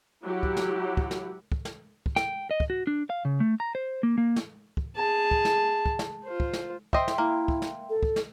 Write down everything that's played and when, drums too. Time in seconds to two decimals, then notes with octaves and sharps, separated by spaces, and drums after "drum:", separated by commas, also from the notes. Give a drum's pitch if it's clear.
0.25 F#3 E4 G4 F#5
0.43 drum: kick
0.57 drum: snare
0.97 drum: kick
1.11 drum: snare
1.52 drum: kick
1.65 drum: snare
2.06 drum: kick
2.16 G5, drum: snare
2.51 D#5
2.60 drum: kick
2.70 F#4
2.87 D4
3.10 F5
3.25 C#3
3.40 A3
3.60 A#5
3.75 C5
4.03 A#3
4.18 A#3
4.36 drum: snare
4.77 drum: kick
4.96 G#4 A5
5.31 drum: kick
5.45 drum: snare
5.86 drum: kick
5.99 drum: snare
6.25 F4 C5
6.40 drum: kick
6.53 drum: snare
6.93 C5 D#5 E5 G5 C6, drum: kick
7.08 drum: snare
7.18 A#3 E4
7.48 drum: kick
7.62 drum: snare
7.89 A4
8.03 drum: kick
8.16 drum: snare